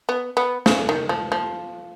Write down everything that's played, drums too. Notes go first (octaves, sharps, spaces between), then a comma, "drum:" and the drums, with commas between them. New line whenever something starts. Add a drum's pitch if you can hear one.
B3
B3
C#3, drum: snare
D#3
F3
F3